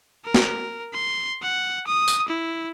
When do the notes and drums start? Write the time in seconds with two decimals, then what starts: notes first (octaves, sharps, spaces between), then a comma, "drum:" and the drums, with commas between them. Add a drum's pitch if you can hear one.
0.25 A#4
0.34 drum: snare
0.93 C6
1.42 F#5
1.87 D#6
2.08 drum: tambourine
2.28 E4